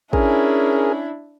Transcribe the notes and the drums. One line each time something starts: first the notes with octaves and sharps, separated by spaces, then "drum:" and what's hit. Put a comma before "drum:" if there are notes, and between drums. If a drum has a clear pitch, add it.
C#4 D4 E4 G#4 A#4, drum: kick